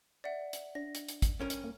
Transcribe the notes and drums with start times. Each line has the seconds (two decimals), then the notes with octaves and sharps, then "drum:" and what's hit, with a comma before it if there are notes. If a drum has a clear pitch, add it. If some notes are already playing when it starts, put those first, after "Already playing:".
0.24 D5 E5 F#5
0.53 drum: hi-hat
0.75 D4 A#6
0.95 drum: hi-hat
1.09 drum: hi-hat
1.22 drum: kick, hi-hat
1.40 G2 C#4 A#4
1.50 drum: hi-hat
1.64 A#3